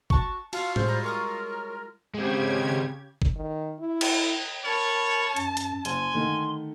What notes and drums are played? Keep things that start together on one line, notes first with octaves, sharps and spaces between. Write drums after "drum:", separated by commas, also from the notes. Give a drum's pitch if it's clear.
F#4 A5 C#6, drum: kick
F4 F#4 F5 A5, drum: cymbal
G3 G#3 G#4 C5, drum: tom A2
A#5 B5
A#4 C#5 C#6 D#6
C#3 G#3 C4 G4 G#6
drum: kick
D#3
E4
drum: cymbal
A#4 C#5 A5 B5 A6
F#2, drum: hi-hat
drum: hi-hat
F#1 G#5 C6, drum: hi-hat
D3 D#3 A3